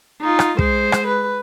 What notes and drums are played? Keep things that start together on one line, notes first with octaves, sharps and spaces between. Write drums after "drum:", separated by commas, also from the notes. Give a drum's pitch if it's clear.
D#4 F4
drum: rim click
G#3 C5, drum: kick
drum: rim click
B4